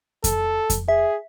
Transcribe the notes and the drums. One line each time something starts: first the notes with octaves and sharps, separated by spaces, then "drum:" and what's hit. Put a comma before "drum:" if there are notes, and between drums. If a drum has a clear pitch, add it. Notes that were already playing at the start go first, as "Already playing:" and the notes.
A4, drum: kick F2, hi-hat
drum: kick F2, hi-hat
G#4 E5